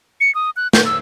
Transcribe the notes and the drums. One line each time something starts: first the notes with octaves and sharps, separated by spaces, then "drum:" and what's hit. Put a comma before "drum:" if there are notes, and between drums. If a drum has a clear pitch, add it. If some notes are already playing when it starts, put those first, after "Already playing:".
C#7
D#6
F#6
G6, drum: snare
E6